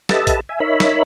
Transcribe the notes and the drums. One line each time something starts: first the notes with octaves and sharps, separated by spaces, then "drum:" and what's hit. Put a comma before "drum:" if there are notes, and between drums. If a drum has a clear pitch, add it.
G4 A4 B4 D#5 E5 A5, drum: snare
drum: kick A#1, hi-hat
E5 G#5
D#4 A#4 C#5 E5 B5
drum: snare